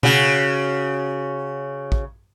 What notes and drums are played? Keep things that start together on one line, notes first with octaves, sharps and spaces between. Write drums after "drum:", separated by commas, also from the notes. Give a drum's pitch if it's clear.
C#3 F#4, drum: tom B2
drum: kick